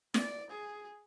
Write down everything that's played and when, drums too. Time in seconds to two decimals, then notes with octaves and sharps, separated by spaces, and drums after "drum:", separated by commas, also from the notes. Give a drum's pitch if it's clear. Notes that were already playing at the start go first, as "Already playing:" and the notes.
0.14 D5, drum: snare
0.50 G#4